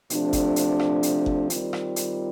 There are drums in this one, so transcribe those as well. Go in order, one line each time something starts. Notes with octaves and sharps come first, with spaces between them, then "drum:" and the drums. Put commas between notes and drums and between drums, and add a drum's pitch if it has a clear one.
C3 F3 A3 D4, drum: hi-hat
drum: kick F#1, hi-hat
drum: hi-hat
drum: rim click
drum: hi-hat
drum: kick F#1
D#3 G3 C4 F4, drum: hi-hat
drum: rim click
drum: hi-hat